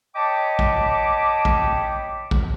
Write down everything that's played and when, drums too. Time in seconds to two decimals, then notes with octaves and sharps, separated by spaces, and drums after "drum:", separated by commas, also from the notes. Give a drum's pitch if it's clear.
0.16 C#5 D#5 G5 A5 B5 D6
0.59 drum: kick
1.45 drum: kick
2.31 drum: kick